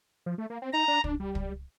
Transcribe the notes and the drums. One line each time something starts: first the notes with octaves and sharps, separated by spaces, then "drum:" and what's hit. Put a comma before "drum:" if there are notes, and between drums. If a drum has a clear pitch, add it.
F3
A3
A#3
C4
D#4 A#5
D4
D4, drum: kick
G3
drum: kick